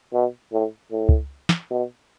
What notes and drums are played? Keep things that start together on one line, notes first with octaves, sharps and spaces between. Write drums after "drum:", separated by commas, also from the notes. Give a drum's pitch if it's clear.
B2
A2
A2
drum: kick
drum: snare
B2